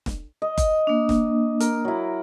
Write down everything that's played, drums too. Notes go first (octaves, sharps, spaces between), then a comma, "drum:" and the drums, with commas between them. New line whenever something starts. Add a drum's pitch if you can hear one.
drum: snare E1
D#5
drum: kick F#1, hi-hat
A#3 D4
drum: snare E1
A#4, drum: hi-hat
F#3 E4